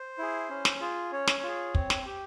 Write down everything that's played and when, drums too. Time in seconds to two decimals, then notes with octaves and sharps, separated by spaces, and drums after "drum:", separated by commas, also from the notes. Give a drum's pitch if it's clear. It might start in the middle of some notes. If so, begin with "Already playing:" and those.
Already playing: C5
0.18 E4 G#4
0.49 C#4
0.65 drum: snare
0.81 F4 G#4
1.12 C#4 C#5
1.27 drum: snare
1.43 F4 G#4
1.75 C4, drum: kick
1.90 drum: snare
2.05 G4